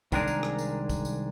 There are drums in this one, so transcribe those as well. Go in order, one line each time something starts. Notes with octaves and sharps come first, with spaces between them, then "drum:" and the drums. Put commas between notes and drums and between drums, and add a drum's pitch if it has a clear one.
C2 D#3 G#3 D4 G#4 A#4, drum: kick, tambourine
drum: tambourine
drum: rim click
drum: tambourine
drum: kick, tambourine
drum: tambourine